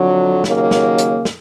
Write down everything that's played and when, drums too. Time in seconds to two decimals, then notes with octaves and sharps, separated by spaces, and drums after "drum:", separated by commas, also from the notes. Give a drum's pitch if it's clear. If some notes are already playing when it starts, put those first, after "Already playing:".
Already playing: F2 D3 F#3
0.44 D#2 C#3 F#3 A#3, drum: snare
0.71 drum: snare
0.98 drum: hi-hat
1.25 drum: snare